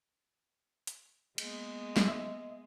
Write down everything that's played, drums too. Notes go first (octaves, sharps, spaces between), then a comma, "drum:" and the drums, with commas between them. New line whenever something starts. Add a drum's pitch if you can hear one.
drum: hi-hat
G#3 A#3 B3, drum: cymbal
drum: snare
D#5 E5